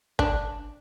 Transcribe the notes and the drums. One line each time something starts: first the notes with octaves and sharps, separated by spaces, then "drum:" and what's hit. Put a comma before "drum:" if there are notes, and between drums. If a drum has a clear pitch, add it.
D4, drum: kick